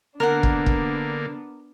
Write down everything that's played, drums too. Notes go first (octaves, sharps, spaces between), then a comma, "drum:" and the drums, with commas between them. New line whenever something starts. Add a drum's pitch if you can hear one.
D3 A#3 B3 D4 A#4 F#5
drum: kick
drum: kick